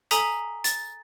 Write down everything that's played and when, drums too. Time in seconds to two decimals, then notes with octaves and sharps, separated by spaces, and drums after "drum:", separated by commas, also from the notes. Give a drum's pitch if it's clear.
0.11 A4 G#5 A#5 D#6 B6, drum: hi-hat
0.64 A6, drum: hi-hat